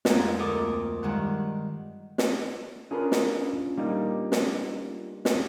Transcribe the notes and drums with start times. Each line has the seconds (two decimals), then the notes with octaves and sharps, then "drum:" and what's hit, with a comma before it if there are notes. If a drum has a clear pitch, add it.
0.05 F2 G#2 G#3 A#3 C4, drum: snare
0.39 D2 A4 A#4 D#5 D6
1.03 G2 D#3 G#3 F#5
2.18 drum: snare
2.91 C#4 D4 F4 G#4 A#4 B4
3.12 drum: snare
3.78 G3 A#3 D#4
4.32 drum: snare
5.25 drum: snare